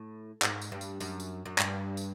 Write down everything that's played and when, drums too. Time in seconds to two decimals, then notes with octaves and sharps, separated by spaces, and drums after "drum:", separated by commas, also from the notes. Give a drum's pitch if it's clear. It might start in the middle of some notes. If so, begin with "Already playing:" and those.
Already playing: A2
0.42 G#2, drum: clap
0.62 drum: tambourine
0.72 G2
0.81 drum: tambourine
1.00 F#2, drum: tambourine
1.20 drum: tambourine
1.46 F#2
1.58 G2, drum: clap
1.97 drum: tambourine